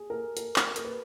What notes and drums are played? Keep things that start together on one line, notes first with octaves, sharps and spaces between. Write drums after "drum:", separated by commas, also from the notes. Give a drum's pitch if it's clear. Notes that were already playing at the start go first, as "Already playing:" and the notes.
Already playing: G#4
A#4
A#4, drum: hi-hat
drum: clap
A#4, drum: hi-hat
B4